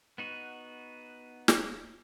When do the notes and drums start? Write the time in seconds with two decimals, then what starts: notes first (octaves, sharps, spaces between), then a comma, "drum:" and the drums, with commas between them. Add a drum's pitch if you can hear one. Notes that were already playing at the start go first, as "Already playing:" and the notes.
0.18 B3 D#4 F#4
1.48 drum: snare